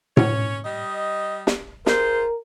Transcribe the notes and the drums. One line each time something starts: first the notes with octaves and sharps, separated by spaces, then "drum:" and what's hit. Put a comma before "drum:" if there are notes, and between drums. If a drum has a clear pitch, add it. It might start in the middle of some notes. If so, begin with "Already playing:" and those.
C#4 C#5, drum: tom A2
G3 D#5
drum: snare
F4 G#4 A#4 C5, drum: snare